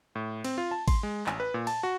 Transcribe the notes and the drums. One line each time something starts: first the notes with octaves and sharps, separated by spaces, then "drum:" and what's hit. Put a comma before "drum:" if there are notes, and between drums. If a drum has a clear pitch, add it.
A2
C4, drum: cymbal
F4
A5
C6, drum: kick A1, cymbal
G#3
A1, drum: clap
B4
A#2
A5, drum: cymbal
F#4